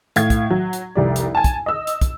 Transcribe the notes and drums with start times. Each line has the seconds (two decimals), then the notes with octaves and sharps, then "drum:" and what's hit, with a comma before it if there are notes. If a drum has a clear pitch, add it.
0.16 A2 F5 G#6, drum: hi-hat
0.30 drum: kick, hi-hat
0.50 F#3
0.73 drum: hi-hat
0.95 F1 C2 G3 D5
1.16 drum: hi-hat
1.35 G#5 A5
1.44 drum: kick, hi-hat
1.66 D#5 E6
1.87 drum: hi-hat
2.01 drum: kick, hi-hat